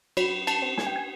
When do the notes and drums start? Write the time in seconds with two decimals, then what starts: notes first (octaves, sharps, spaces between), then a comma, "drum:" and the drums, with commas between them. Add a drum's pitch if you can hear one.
0.17 F#3 B5, drum: cymbal
0.47 A5, drum: cymbal
0.62 C4
0.78 G#5, drum: snare
0.87 G5
0.96 G#5